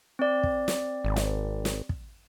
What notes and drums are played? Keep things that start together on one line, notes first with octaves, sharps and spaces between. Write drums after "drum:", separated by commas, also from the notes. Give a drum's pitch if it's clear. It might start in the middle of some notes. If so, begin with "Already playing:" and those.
C4 D5
drum: kick
drum: snare
G#1
drum: snare
drum: snare
drum: kick